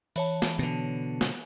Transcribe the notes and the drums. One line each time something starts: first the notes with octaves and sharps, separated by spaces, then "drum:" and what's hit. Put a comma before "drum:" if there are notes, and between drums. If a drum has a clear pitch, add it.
E3 C#5 A5, drum: open hi-hat
drum: snare
B2 D3
drum: snare